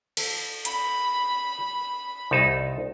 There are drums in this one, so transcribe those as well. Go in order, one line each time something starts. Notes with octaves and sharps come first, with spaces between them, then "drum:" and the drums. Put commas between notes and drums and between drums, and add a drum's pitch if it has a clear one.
A4, drum: cymbal
B5, drum: hi-hat
C2 D#4 A5